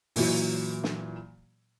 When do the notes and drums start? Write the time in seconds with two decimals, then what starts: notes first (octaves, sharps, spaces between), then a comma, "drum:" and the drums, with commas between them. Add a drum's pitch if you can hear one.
0.16 A#2 E3 F#3, drum: open hi-hat
0.84 drum: snare